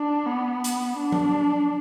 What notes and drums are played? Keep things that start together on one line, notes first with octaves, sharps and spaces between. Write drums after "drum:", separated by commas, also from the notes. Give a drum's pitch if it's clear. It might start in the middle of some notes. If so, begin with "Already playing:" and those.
Already playing: D4
B3
drum: hi-hat
D4
drum: tom F3